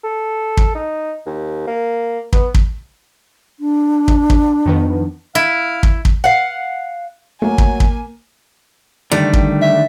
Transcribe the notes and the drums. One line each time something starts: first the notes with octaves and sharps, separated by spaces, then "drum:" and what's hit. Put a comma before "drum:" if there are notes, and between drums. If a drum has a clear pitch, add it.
A4
drum: kick
D#4
D#2
A#3
B3, drum: kick
drum: kick
D4
drum: kick
drum: kick
F2 D#3 B3
E4 F5
drum: kick
drum: kick
F5 F#5
F#3 A3 A#3 G#5
drum: kick
drum: kick
D3 D#3 G3 A3
drum: kick
E5